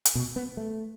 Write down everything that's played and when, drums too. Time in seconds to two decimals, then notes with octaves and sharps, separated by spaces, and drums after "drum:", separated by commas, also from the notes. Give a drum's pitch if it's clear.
0.05 drum: hi-hat
0.15 B2
0.36 B3
0.57 A3